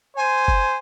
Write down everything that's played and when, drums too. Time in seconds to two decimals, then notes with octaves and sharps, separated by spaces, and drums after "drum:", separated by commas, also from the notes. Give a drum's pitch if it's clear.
0.17 C5 G#5
0.48 drum: kick F#1